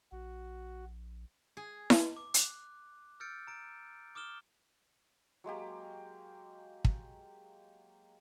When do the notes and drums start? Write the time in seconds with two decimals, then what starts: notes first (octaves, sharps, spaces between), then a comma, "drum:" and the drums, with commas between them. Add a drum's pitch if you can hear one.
0.12 A#1 F#4
1.57 G#4
1.90 drum: snare E4
2.17 D6
2.34 F#6, drum: hi-hat
3.20 E6 F6 G6 A6 C#7 D7
3.47 A#5 D7
4.15 D6 D#6 F6 E7 G7
5.44 F#3 G#3 A#3 G4
6.85 drum: kick